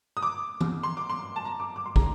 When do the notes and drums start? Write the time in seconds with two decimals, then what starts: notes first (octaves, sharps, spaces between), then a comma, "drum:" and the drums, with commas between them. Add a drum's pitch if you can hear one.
0.17 D#6
0.23 D6
0.61 drum: tom E3
0.83 C6
0.97 D6
1.10 C6
1.36 A5
1.45 A#5
1.60 D6
1.76 D6
1.86 C6
1.96 A#5, drum: kick